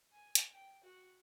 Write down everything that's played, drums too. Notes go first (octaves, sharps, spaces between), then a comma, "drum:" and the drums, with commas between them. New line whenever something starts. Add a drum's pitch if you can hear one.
G#5
drum: hi-hat
G5
F#4